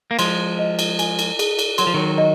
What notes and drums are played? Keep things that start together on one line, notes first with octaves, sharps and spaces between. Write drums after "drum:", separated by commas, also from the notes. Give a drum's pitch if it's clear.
A#3
F3 G#3 C6, drum: cymbal
D#5
drum: cymbal
G#5, drum: cymbal
drum: cymbal
G#4, drum: cymbal
drum: cymbal
F#3 C6, drum: cymbal
F3
D#3 F#3
D#5